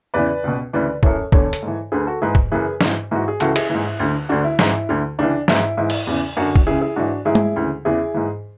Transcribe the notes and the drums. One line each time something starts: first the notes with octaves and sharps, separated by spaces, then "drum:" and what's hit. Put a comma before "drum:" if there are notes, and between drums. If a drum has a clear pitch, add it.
E2 C#3 E3 B4 D5
C#2 B2
D2 C#3 E3 B4 D5
F#2 E3 A4 C#5, drum: kick
E2 D3 A4 C#5, drum: kick
drum: hi-hat
G#2
E3
D2 D3 G#4 B4
F#4 A4
G#2 E3 G#4 B4
drum: kick
F#2 C#3 E3 G#4 B4
G#2 E3, drum: snare
G#2 E3 F#4
G#4
C#2 C#3 E3 F#4 A4, drum: hi-hat
E4 G#4, drum: cymbal
G#2 E3 E4
D2 D3
D2 D3 D4 F#4
E4
G#2 E3 E4, drum: snare
D2 D3
C#2 C#3 E3 D4
G#2 E3 E4, drum: snare
E4
G#2 E3 E4
drum: cymbal
E2 C#3 E3
F#2 D3 D4 F#4
drum: kick
C#2 C#3 E3 E4 G#4
E4 G#4
G#2 E3 D4 F#4
G#2 E3 E4 G#4
drum: tom G#3
D2 C#3 E3
E2 C#3 E3 E4 G#4
G#2 E3